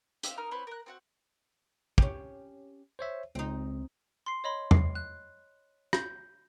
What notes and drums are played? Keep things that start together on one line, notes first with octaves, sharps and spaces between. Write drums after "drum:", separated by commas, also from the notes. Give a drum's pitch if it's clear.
C4 G4 E5 F5, drum: hi-hat
D#4 A#4 A#5 F6
C4 E4 B4 C#5
A#4 F#6
C4 F#4 F#5
C#4 G4, drum: kick
C5 C#5 E5
C#2 C4 D#4
C6 C7
C#5 D#5 B5 C6
C7, drum: tom E2
F#6
G6, drum: rim click